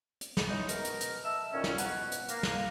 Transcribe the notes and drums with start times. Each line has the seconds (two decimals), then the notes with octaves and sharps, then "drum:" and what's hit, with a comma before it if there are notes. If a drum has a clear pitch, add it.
0.21 drum: hi-hat
0.37 drum: snare
0.48 C#3 E3 G#3 D#4
0.69 B2 A#4, drum: hi-hat
0.84 drum: hi-hat
1.00 drum: hi-hat
1.24 D#5 E5 A5 E6
1.52 F2 A#2 D#3 C#4
1.64 drum: snare
1.78 B2 F#5, drum: hi-hat
2.11 drum: hi-hat
2.28 A#3, drum: hi-hat
2.43 drum: snare